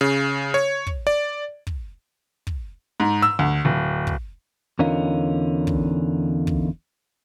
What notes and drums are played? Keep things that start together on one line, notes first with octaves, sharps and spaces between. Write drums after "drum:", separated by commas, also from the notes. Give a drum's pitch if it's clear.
C#3
C#5
drum: kick
D5
drum: kick
drum: kick
G#2
E6
D2
D1
drum: kick
E2 D3 C#4 D#4 F4 A#4
drum: kick
drum: kick